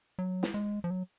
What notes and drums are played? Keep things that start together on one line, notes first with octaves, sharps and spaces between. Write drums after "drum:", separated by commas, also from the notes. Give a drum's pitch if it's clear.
F#3
drum: snare
G#3
F3
F#3